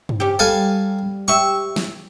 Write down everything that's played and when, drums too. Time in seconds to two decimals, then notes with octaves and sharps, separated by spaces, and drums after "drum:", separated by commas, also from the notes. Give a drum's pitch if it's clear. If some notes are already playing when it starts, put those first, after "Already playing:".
0.09 drum: tom G2
0.20 C#4 G4
0.39 G3 A4 F5 G#5
1.28 G4 E5 C#6
1.76 drum: snare